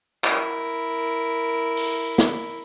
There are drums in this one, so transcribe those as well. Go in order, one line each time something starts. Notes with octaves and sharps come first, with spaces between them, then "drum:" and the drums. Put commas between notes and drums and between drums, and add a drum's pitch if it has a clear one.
E4 A#4, drum: clap
drum: open hi-hat
drum: snare